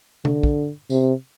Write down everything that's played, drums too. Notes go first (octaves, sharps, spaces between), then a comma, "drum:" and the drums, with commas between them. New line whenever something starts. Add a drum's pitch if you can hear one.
D3, drum: tom C3
drum: kick
C3, drum: tambourine